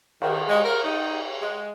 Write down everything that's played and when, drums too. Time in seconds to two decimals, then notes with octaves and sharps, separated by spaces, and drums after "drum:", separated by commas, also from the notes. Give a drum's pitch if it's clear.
0.22 D#3, drum: cymbal
0.48 G#3
0.64 A#4
0.84 D#4
1.42 G#3